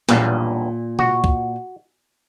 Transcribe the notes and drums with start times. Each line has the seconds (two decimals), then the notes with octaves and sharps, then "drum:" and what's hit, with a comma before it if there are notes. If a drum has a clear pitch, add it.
0.09 B1 E2 G2 A#2, drum: snare
0.99 F#4, drum: tom B2
1.24 drum: kick